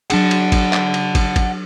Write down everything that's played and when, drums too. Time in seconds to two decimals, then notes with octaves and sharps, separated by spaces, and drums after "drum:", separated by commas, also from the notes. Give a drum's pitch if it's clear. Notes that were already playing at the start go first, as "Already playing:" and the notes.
0.10 F#3 D4 G#4 F#5 A5, drum: cymbal
0.31 drum: cymbal
0.52 drum: kick, cymbal
0.73 drum: clap
0.94 drum: cymbal
1.15 drum: kick, cymbal
1.36 drum: kick, cymbal